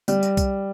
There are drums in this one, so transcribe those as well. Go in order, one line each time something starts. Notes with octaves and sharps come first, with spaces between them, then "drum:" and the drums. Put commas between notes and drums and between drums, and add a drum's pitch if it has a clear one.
G3, drum: tambourine
drum: tambourine
drum: kick B1, tambourine